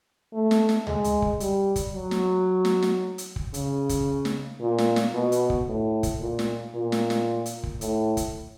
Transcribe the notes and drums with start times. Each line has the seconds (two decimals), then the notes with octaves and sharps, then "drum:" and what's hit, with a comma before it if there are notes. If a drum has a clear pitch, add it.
0.33 A3
0.51 drum: snare
0.69 drum: snare
0.87 G#3, drum: tom C#2
1.04 drum: hi-hat
1.22 drum: kick
1.40 G3, drum: hi-hat
1.76 drum: kick, hi-hat
1.93 F#3
2.11 drum: snare
2.65 drum: snare
2.82 drum: snare
3.18 drum: hi-hat
3.36 drum: kick
3.54 C#3, drum: hi-hat
3.89 drum: kick, hi-hat
4.25 drum: snare
4.60 A#2
4.78 drum: snare
4.96 drum: snare
5.14 B2
5.32 drum: hi-hat
5.50 drum: kick
5.67 A2
6.03 drum: kick, hi-hat
6.21 A#2
6.39 drum: snare
6.74 A#2
6.92 drum: snare
7.10 drum: snare
7.46 drum: hi-hat
7.63 drum: kick
7.81 A2, drum: hi-hat
8.17 drum: kick, hi-hat